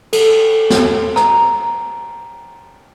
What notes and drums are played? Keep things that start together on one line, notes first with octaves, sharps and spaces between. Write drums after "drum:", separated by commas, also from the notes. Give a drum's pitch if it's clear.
A4, drum: cymbal
drum: snare
A#5, drum: rim click